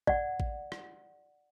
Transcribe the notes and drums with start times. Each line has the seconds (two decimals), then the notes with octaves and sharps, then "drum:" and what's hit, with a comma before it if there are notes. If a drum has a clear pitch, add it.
0.07 D5 F#5, drum: kick A1
0.40 drum: kick A1
0.72 drum: rim click